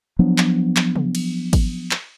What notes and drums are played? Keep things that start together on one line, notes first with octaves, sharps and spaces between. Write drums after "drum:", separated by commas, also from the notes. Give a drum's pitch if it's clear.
F3 F#3 B3 D4
drum: clap
drum: clap
drum: tom C3
drum: cymbal
drum: kick G#1, cymbal
drum: clap